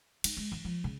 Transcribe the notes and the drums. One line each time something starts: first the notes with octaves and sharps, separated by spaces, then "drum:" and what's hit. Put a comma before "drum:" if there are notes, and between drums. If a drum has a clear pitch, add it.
D#4, drum: cymbal
G#3
E3
F3
C#3